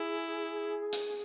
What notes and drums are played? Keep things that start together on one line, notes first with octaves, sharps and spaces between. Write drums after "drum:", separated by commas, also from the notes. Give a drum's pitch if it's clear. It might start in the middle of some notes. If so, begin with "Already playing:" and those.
Already playing: E4 G#4
drum: hi-hat